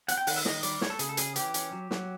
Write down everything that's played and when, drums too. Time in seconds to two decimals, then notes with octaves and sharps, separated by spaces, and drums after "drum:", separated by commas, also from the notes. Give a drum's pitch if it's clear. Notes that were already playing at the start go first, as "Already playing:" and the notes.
0.08 C4 F#5, drum: hi-hat
0.18 G5
0.27 D#3 F#5, drum: open hi-hat
0.36 E5
0.45 D#3 D#5, drum: snare
0.63 G3 D5, drum: hi-hat
0.81 A3 C#5, drum: snare
0.90 A4
0.99 C#3 G#4, drum: hi-hat
1.09 A4
1.17 C#4 G#4, drum: hi-hat
1.36 E3 G4, drum: hi-hat
1.54 C#4, drum: hi-hat
1.72 F#3
1.91 F#3, drum: snare